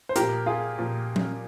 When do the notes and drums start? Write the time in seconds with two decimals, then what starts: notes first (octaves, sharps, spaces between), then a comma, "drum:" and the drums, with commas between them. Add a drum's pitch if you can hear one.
0.09 C5
0.16 A#2 F3 G4 A#4, drum: hi-hat
0.46 F4 G#4
0.78 A#2 F3
1.16 drum: tom F3